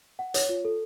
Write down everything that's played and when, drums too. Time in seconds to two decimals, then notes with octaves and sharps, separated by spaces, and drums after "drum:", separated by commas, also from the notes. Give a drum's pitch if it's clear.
0.19 F#5
0.34 C#5, drum: hi-hat
0.49 F4
0.65 A4